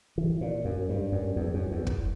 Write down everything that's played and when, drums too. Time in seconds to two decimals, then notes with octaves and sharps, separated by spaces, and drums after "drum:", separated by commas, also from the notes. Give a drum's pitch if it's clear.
0.18 E3
0.41 A#2
0.65 F#2
0.89 G2
1.12 F#2
1.36 E2
1.54 F#2
1.72 E2
1.87 drum: kick